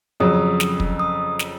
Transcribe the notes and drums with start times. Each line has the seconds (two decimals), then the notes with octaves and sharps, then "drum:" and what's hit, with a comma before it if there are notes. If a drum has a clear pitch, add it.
0.20 F2 C#3 F#3 D#6
0.60 drum: snare
0.80 drum: kick
0.99 D#6
1.39 drum: snare